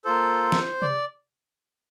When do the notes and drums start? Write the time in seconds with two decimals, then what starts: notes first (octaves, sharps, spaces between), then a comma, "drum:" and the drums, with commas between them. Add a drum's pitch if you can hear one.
0.05 A#3 F4 A4 C5
0.52 drum: snare
0.82 D5, drum: tom C3